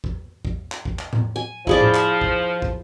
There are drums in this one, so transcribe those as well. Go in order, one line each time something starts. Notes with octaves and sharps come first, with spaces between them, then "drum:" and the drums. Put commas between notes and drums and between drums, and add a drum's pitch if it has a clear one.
drum: kick
drum: kick
drum: clap
drum: kick
drum: clap
drum: tom A2
G#5
F3 E4 G#4 D5, drum: kick
drum: tom A2
drum: clap
drum: kick
drum: kick